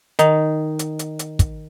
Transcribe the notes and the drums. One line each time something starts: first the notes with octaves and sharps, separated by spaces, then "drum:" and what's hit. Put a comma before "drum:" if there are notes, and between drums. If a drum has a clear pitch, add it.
D#3 D#4, drum: hi-hat
drum: hi-hat
drum: hi-hat
drum: hi-hat
drum: kick, hi-hat